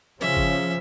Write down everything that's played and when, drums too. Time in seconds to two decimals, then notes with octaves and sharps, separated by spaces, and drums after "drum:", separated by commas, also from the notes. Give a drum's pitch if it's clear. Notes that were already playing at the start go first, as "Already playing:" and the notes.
0.20 C#3 F3 C#4 E5
0.37 drum: kick